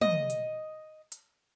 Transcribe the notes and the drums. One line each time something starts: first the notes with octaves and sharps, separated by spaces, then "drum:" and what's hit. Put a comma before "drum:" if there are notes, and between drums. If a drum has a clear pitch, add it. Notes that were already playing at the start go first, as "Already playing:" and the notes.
D#5, drum: tom
drum: hi-hat
drum: hi-hat